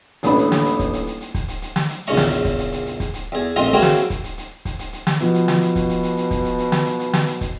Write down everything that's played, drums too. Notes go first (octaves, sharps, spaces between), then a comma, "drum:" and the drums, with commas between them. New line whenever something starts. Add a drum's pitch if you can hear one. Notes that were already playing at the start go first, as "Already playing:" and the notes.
D#1 A1 D4 B4 B5, drum: hi-hat
drum: hi-hat
drum: snare
drum: hi-hat
drum: kick, hi-hat
drum: hi-hat
drum: hi-hat
drum: hi-hat
drum: kick, hi-hat
drum: hi-hat
drum: hi-hat
drum: snare
drum: hi-hat
A#1 E2 C#3 C#4 D#5 C#6
drum: snare
drum: hi-hat
drum: kick, hi-hat
drum: hi-hat
drum: hi-hat
drum: hi-hat
drum: kick, hi-hat
drum: hi-hat
E2 G#4
A#1 F2 A2 F4 D#5 D#6, drum: hi-hat
A#3 C4 C#4 E4 F#4 G#4
drum: snare
drum: hi-hat
drum: kick, hi-hat
drum: hi-hat
drum: hi-hat
drum: kick, hi-hat
drum: hi-hat
drum: hi-hat
drum: snare
B2 F3, drum: hi-hat
drum: hi-hat
drum: snare
drum: hi-hat
drum: kick, hi-hat
drum: hi-hat
drum: hi-hat
drum: hi-hat
drum: kick, hi-hat
drum: hi-hat
drum: hi-hat
drum: snare
drum: hi-hat
drum: hi-hat
drum: snare
drum: hi-hat
drum: kick, hi-hat